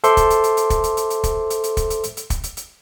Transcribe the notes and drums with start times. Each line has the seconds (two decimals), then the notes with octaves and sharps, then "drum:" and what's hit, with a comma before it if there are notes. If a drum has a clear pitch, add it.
0.04 A4 C5 E5 C6 D6, drum: hi-hat
0.17 drum: kick, hi-hat
0.30 drum: hi-hat
0.44 drum: hi-hat
0.57 drum: hi-hat
0.70 drum: kick, hi-hat
0.84 drum: hi-hat
0.97 drum: hi-hat
1.10 drum: hi-hat
1.24 drum: kick, hi-hat
1.50 drum: hi-hat
1.64 drum: hi-hat
1.77 drum: kick, hi-hat
1.90 drum: hi-hat
2.04 drum: hi-hat
2.17 drum: hi-hat
2.30 drum: kick, hi-hat
2.43 drum: hi-hat
2.57 drum: hi-hat